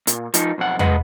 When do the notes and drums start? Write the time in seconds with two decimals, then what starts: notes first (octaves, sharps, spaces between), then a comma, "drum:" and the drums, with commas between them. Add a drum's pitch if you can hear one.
0.07 A#2, drum: hi-hat
0.34 F3 D#4, drum: hi-hat
0.58 B1 F2 F#5
0.79 G#3 B4 D#5 F#5, drum: tom E2